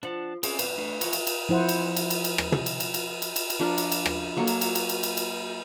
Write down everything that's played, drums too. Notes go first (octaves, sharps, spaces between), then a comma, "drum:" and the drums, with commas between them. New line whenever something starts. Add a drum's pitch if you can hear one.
F3 D4 F#5 A5
C4 C#4 G#4 C5 D5, drum: cymbal
E2 G2 B4, drum: cymbal
A3 D4
E3 F3 A3 A#4 C#5 F#5, drum: cymbal
drum: cymbal
drum: cymbal
F3 E4 C5 F#5
drum: cymbal
drum: cymbal
drum: cymbal
drum: cymbal
drum: rim click
drum: tom
drum: cymbal
drum: cymbal
drum: cymbal
drum: cymbal
drum: cymbal
drum: cymbal
F3 D4 A#4
drum: cymbal
drum: cymbal
drum: rim click
F#3 A#3 A4 C#6
drum: cymbal
drum: cymbal
drum: cymbal
drum: cymbal
drum: cymbal
drum: cymbal